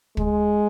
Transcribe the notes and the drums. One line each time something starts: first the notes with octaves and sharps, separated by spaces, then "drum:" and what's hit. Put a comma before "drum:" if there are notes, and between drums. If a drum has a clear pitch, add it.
G#3, drum: kick